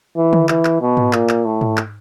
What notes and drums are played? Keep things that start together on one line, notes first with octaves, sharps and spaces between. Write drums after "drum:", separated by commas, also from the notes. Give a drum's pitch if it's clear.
E3
drum: tom D3
E3, drum: clap
drum: clap
B2
drum: tom G#2
A#2, drum: clap
drum: clap
A2
drum: tom G#2
drum: clap